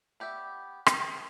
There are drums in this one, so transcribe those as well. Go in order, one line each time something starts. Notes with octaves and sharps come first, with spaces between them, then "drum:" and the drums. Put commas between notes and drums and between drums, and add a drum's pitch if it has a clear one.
B3 G4 D5 E5
C5 G5, drum: rim click